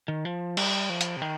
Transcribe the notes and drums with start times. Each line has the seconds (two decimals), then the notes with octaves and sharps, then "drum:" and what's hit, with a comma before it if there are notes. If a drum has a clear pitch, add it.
0.08 D#3
0.25 F3
0.57 G3, drum: cymbal
0.90 F3
1.01 drum: hi-hat
1.16 C3
1.22 D#3